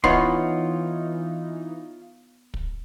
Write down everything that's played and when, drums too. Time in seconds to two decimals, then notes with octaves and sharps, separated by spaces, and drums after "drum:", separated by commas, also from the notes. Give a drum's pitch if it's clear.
0.04 E3 B3 D#4 F4 C#5 C6, drum: kick
2.54 drum: kick